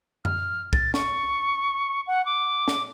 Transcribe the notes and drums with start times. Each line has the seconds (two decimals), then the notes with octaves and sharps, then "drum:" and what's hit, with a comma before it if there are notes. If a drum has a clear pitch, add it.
0.25 F6, drum: tom F#2
0.73 A6, drum: kick
0.94 C#6, drum: snare
2.07 F#5
2.26 D6
2.68 drum: snare